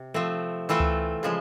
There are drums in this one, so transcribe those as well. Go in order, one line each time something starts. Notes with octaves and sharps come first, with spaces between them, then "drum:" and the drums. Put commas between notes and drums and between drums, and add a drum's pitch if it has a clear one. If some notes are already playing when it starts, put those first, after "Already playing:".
Already playing: C3
F3 A3 C4
E3 A3 C4 F4 A4
drum: tom C#2
C#3 F3 G#3